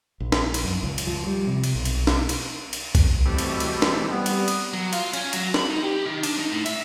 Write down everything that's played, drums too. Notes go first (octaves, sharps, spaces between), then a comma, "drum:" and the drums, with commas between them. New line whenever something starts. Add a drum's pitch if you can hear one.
A#1
drum: snare
drum: cymbal
F#2
C#2
drum: cymbal
F3
G3
C3
drum: cymbal
B1
drum: cymbal
drum: snare
drum: cymbal
drum: cymbal
drum: kick, cymbal
B2 E3 G3 A3 C4
drum: cymbal
drum: cymbal
drum: snare
G3 B3
drum: cymbal
drum: cymbal
F#3
F4, drum: cymbal
C#4, drum: cymbal
F#3, drum: cymbal
B5, drum: snare
D#4
G4
D#3
D4, drum: cymbal
D#4
A2
E5, drum: cymbal